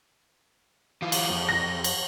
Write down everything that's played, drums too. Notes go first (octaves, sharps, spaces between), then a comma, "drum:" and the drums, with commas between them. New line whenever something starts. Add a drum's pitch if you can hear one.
E3 F4
drum: cymbal
F2
A#6
drum: cymbal